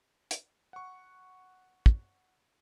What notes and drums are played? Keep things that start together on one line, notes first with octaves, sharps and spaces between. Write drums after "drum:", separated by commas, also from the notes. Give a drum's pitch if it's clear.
drum: hi-hat
F#5 C#6
drum: kick